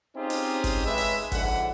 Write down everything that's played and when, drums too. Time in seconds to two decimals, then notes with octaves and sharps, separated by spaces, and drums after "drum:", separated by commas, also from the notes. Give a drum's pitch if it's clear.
0.16 C4 C#4 D#4 F4 G4 G#4
0.30 drum: open hi-hat
0.64 drum: kick, open hi-hat
0.86 G#3 B4 C#5 E5
0.98 drum: open hi-hat
1.32 A#1 G#2 D3 F#5, drum: kick, open hi-hat